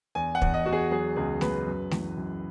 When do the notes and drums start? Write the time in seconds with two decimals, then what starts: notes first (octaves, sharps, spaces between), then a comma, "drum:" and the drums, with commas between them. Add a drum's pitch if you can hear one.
0.15 E2 G#5
0.35 F#5
0.42 E2, drum: kick
0.54 D#5
0.66 E2 F#4
0.73 G#4
0.91 F#3 G#4
1.16 C#2 G#4
1.41 F#3 B4, drum: snare A3
1.67 F#2
1.91 E3, drum: snare A3
2.17 F#2